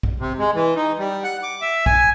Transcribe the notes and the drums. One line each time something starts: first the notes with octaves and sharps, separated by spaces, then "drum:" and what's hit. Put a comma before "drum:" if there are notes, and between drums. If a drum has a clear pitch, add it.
drum: kick
C3
G#3
E3
D#4
G3
F#5
D6
E5
G#5, drum: kick